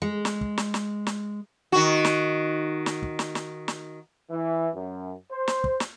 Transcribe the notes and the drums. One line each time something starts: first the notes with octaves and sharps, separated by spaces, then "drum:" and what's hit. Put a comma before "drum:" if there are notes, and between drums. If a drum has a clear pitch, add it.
G#3
drum: snare
drum: kick
drum: snare
drum: snare
drum: snare
D#3 F#4
drum: snare
drum: snare
drum: kick
drum: snare
drum: snare
drum: snare
E3
F#2
C5
drum: snare
drum: kick
drum: snare